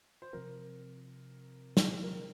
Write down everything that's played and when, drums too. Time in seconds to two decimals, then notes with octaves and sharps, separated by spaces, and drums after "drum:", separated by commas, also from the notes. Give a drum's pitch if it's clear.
0.22 C5
0.33 C3 F3 C4 A#4
1.77 drum: snare
2.03 A#4